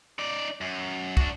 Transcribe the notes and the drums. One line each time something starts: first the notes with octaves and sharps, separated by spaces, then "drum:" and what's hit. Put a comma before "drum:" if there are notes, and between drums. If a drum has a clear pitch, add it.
D#4 D5
F#2
D4 F#4, drum: kick